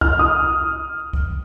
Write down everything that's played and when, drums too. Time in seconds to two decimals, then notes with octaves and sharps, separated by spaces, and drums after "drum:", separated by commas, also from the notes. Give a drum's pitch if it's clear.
0.01 F6, drum: kick C2
0.19 D#6
1.13 drum: kick C2